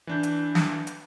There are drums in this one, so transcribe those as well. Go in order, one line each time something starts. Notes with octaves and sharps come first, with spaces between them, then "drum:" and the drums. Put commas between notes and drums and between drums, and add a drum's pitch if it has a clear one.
E3 D4 G6
drum: hi-hat
drum: snare
drum: hi-hat